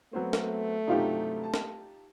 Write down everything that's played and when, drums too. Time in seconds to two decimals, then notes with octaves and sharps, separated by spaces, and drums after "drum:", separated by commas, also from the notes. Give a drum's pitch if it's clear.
0.13 F#3 A3 B3 C4
0.33 drum: snare
0.87 G2 C3 F#3 D#4 F4 G4
1.43 A5
1.54 drum: snare